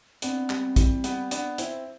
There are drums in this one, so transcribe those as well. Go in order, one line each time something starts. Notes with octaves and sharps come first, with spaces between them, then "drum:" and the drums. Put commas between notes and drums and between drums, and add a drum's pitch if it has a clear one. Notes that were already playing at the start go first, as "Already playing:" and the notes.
B3 C4 D4, drum: hi-hat
G3 B3, drum: clap
E3 G3, drum: kick, hi-hat
G3 B3, drum: hi-hat
B3 D4, drum: hi-hat
C4 E4, drum: hi-hat